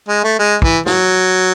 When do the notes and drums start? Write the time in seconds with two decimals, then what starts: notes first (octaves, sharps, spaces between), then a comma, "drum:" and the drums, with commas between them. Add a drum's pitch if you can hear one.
0.08 G#3
0.24 A3
0.39 G#3
0.62 E3, drum: kick
0.86 F#3, drum: snare